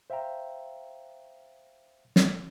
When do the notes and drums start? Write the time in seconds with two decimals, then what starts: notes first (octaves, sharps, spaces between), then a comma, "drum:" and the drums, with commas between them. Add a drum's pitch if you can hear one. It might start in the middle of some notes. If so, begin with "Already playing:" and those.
0.10 C5 E5 F5 G5 A#5
2.16 drum: snare